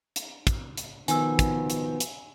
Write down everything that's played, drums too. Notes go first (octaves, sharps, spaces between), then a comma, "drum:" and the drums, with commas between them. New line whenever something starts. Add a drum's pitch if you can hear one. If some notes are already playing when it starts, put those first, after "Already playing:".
drum: hi-hat
drum: kick, hi-hat
drum: hi-hat
B2 D#3 F3 B3 G#5 E6, drum: hi-hat
drum: kick, hi-hat
drum: hi-hat
drum: hi-hat